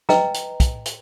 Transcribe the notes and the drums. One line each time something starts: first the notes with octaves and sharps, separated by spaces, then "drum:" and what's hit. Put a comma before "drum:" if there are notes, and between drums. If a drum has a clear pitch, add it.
B4 D#5 G5 A#5, drum: snare
drum: hi-hat
drum: kick, hi-hat
drum: hi-hat